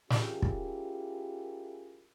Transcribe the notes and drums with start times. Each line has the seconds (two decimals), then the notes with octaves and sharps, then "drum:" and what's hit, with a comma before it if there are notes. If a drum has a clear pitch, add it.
0.10 C#4 E4 F4 G4 G#4 A#4, drum: snare
0.42 drum: kick